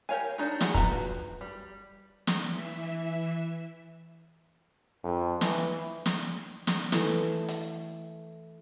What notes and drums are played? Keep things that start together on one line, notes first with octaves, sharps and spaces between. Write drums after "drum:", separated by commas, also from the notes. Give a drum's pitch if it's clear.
G4 A#4 C#5 F5 G#5
D4 D#4 F#4
E4 F#4 G#4 F#5, drum: snare
F3 F#4 B4 E5 A#5, drum: kick
G3
drum: snare
E3 E5
F2
E3, drum: snare
drum: snare
drum: snare
E3 A3, drum: snare
drum: hi-hat